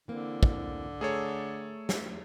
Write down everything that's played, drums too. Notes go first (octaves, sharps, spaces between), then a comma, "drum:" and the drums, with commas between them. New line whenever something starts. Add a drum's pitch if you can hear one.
D3 E3 A#3 C4
drum: kick
A3 G#4 A4 C#5 D5 A#5
drum: snare